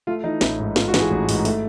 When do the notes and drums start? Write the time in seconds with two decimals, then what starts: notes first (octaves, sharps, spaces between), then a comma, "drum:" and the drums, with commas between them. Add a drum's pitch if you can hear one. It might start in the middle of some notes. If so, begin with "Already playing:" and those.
0.07 A3 F4
0.24 E3 D#4
0.41 A1 E4, drum: snare
0.59 G#2
0.76 A3 F4, drum: snare
0.88 F#4
0.94 E3, drum: snare
1.00 G#4
1.11 A1
1.29 G#2, drum: open hi-hat
1.45 A3, drum: open hi-hat